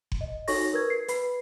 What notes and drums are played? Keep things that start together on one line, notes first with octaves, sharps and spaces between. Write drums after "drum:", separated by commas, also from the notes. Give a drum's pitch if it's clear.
drum: kick F#1
D#5
D#4 F#4 A4 C#5 C#6 A#6, drum: open hi-hat
A#4 B4 G#6
C7
B4 B5 C7, drum: hi-hat